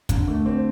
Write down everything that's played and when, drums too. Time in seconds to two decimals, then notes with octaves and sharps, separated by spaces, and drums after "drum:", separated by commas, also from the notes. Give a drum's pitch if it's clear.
0.09 D3, drum: kick, hi-hat
0.28 A3
0.46 C4